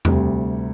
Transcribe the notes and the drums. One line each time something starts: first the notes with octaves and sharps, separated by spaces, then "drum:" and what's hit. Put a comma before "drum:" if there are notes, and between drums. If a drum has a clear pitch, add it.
D2 C3 G3, drum: tom E2